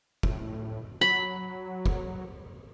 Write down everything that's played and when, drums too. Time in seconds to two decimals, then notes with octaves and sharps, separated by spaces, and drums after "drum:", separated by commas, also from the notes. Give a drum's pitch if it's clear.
0.23 A2, drum: kick
1.01 F#3 B5
1.86 drum: kick